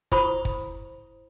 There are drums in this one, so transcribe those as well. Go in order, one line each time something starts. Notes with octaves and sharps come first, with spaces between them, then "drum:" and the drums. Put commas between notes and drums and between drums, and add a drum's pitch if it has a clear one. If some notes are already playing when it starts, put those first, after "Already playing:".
E4 C5 B5 C#6 D#6, drum: kick
drum: kick